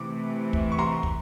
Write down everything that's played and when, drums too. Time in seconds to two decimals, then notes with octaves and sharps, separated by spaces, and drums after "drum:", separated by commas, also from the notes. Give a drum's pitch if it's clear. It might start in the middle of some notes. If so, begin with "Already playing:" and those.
Already playing: C3 E3 A3 D6
0.53 drum: kick
0.72 C#6
0.79 A#5 C6
1.03 drum: kick